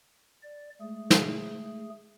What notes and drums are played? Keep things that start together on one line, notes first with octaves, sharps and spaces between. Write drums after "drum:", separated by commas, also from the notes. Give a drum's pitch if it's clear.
D5
G#3 A3 G#4
drum: snare